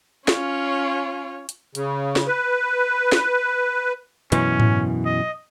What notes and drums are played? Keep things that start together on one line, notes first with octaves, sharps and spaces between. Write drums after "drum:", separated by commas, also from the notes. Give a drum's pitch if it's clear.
C#4 F4 C#5, drum: snare
drum: hi-hat
C#3, drum: hi-hat
drum: snare
B4
drum: snare
F#2 B2 E3 C#4, drum: hi-hat
drum: tom G#2
D#5